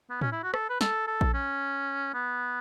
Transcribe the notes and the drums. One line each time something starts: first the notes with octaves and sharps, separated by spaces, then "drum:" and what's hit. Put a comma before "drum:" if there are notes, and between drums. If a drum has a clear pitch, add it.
B3
C#4, drum: tom A2
E4
F#4
A4, drum: rim click
B4
A4, drum: snare
A4
drum: kick A#1
C#4
B3